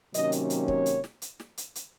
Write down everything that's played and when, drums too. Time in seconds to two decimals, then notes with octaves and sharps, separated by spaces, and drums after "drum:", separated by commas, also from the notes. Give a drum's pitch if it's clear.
0.14 C3 D#3 F#3 A#3 C#4 D#5, drum: hi-hat
0.32 drum: hi-hat
0.50 drum: hi-hat
0.68 C#5, drum: kick
0.86 drum: hi-hat
1.04 drum: snare
1.22 drum: hi-hat
1.40 drum: snare
1.58 drum: hi-hat
1.75 drum: hi-hat